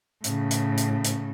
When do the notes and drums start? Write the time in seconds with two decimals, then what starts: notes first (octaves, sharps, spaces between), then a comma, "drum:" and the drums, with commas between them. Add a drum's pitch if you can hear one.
0.24 A2 C#3, drum: hi-hat
0.51 drum: hi-hat
0.77 drum: hi-hat
1.04 drum: hi-hat